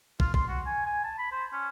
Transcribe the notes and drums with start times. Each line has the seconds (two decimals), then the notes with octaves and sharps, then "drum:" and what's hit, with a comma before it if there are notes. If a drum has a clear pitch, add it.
0.20 F4, drum: kick
0.34 C6, drum: kick
0.48 F#4
0.66 G#5
0.86 G#5
1.04 A5
1.18 B5
1.32 C5
1.52 C#4